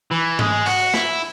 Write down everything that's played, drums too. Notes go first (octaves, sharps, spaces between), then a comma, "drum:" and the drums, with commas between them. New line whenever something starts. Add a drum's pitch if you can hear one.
E3
G#3, drum: tom G#2
F#4, drum: open hi-hat
E4, drum: snare